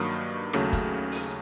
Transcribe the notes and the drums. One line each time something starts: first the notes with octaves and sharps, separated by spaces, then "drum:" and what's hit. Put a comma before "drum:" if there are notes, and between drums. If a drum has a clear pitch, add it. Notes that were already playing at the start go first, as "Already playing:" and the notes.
Already playing: G2 D#3 F#3 A#3 D#6 F6
D#2 C#3 F#3 A3, drum: rim click
drum: kick, hi-hat
drum: open hi-hat